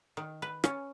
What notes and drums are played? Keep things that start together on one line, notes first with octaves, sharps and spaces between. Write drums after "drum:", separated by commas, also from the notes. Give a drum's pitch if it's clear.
D#3
B4
C#4, drum: rim click